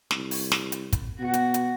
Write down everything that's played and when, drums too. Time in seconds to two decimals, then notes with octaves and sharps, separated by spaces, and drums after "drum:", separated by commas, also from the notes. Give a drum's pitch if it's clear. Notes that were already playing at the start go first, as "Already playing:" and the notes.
0.11 C2, drum: snare
0.31 drum: open hi-hat
0.52 drum: snare
0.72 drum: hi-hat
0.93 drum: kick, hi-hat
1.20 B2 F#4
1.34 drum: hi-hat
1.54 drum: hi-hat